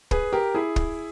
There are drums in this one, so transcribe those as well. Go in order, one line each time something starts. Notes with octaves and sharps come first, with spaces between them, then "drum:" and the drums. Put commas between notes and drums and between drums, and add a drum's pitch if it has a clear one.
G#4 B4, drum: kick
G4 A#4
E4 G#4
drum: kick